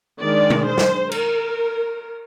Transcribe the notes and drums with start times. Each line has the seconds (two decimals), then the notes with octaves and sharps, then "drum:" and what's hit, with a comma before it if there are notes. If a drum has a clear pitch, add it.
0.21 D#3 G#3 D4 D5
0.50 drum: tom
0.66 C5
0.78 drum: snare
1.12 A#4, drum: cymbal